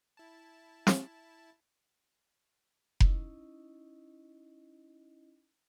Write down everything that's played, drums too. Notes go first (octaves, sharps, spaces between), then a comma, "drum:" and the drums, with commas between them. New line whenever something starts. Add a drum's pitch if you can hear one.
E4 A5
drum: snare
C#4 D#4 E4 D#5, drum: kick F1